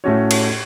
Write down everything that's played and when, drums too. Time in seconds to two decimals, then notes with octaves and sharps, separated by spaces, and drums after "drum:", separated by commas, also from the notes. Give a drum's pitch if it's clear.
0.04 A2 A3 C#4 F#4 C#5
0.31 drum: cymbal